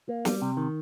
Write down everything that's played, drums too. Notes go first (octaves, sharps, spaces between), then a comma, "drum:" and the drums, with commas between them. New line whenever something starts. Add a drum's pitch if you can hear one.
A#3
G3, drum: snare
C3
D#3